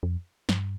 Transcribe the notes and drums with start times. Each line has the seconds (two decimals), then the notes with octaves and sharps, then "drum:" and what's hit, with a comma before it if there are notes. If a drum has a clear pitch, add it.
0.03 F2
0.49 G2, drum: snare